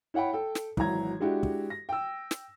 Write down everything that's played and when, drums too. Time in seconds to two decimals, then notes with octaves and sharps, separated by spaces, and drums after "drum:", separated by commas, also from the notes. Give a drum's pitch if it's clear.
0.14 E4 C#5 F#5 G5 B5
0.33 A4 G5
0.55 drum: snare
0.77 G#1 E3 F#3 A#5 G#6, drum: kick
1.20 G#3 D4 E4 F#4 G4
1.43 drum: kick
1.70 A#6
1.89 G5 E6
2.31 drum: snare